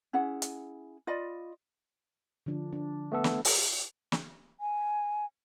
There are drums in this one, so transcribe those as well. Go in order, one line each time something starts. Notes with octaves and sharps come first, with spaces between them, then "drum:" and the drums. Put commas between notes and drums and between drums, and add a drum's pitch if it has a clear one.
C#4 E4 G#4 F#5
drum: hi-hat
F4 D5 D#5 B5
D3 F3 D4
D4
A3 B3 A4
drum: snare
drum: open hi-hat
drum: snare
G#5